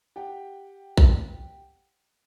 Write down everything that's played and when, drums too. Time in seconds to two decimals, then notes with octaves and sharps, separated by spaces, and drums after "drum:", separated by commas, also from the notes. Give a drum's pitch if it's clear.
0.16 G4 F#5 G5
0.97 drum: kick A#1